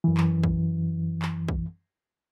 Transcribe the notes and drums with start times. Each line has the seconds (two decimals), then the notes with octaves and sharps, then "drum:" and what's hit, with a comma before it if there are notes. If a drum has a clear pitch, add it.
0.04 F#2 E3
0.17 drum: clap
0.43 drum: kick
1.22 drum: clap
1.48 drum: kick